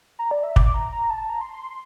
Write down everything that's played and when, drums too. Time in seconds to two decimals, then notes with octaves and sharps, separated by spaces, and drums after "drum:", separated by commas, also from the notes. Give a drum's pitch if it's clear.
0.19 A#5
0.31 D5
0.43 E5
0.56 D6, drum: kick
0.74 A#5
0.92 A#5
1.10 A5
1.30 A#5
1.41 C6
1.53 C6